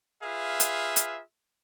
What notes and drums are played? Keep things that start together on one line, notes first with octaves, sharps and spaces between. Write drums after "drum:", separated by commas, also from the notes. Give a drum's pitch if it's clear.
F4 G#4 B4 E5 F5
drum: hi-hat
drum: hi-hat